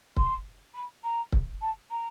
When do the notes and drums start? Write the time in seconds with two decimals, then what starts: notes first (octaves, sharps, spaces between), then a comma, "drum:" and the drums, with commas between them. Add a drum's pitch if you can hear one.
0.17 C6, drum: kick C#1
0.74 B5
1.04 A#5
1.32 drum: kick C#1
1.61 A5
1.90 A#5